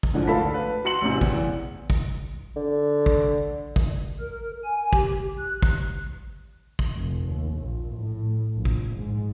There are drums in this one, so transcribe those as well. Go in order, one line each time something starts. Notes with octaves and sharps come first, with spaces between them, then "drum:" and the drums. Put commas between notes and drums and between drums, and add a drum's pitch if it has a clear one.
drum: kick
G#2 D3 F3
D2 A4 F5 A5 B5 B6
B4
F#4 C6 C#7 F#7
A1 C3
E2, drum: kick
drum: kick
D3
drum: kick
drum: kick
A#4
G#5
G4, drum: kick
F#6
drum: kick
drum: kick
F1
D#2
A#1
A2
A#1
drum: kick
G#2